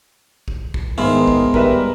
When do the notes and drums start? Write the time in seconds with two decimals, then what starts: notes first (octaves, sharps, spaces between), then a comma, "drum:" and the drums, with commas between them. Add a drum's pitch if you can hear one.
0.48 drum: kick A1
0.74 drum: kick A1
0.98 G#2 D#3 B3 E4 C6
1.27 drum: kick A1
1.54 G3 A#4 B4 E5, drum: kick A1